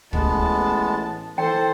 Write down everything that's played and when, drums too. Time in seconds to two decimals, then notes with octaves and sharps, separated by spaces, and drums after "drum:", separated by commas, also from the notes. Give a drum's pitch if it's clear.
0.13 A1 G#3 B3 A5, drum: kick
1.38 E3 A4 C5 G5 A5